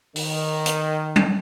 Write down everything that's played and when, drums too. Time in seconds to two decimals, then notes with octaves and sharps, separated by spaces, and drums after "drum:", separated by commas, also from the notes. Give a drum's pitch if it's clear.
0.16 D#3, drum: open hi-hat
0.66 drum: hi-hat
1.16 drum: tom F#3